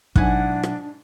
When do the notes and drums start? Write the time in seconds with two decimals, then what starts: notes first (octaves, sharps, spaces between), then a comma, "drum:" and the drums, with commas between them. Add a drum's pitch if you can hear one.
0.16 G#2 B2 F#3 D4 E4 F#5 G#5, drum: kick
0.63 drum: rim click